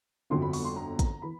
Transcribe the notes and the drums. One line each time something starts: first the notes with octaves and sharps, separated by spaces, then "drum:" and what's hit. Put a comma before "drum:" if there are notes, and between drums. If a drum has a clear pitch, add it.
G1 F2 D3 F#3 C6
B5
C#6, drum: open hi-hat
C6
A#5
A#5, drum: kick, hi-hat
E3 B5